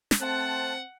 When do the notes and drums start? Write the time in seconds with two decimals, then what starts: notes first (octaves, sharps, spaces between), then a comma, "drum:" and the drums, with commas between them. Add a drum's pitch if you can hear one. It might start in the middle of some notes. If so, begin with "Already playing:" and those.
0.11 drum: snare
0.21 A3 C4 C5 F#5 A5 F#6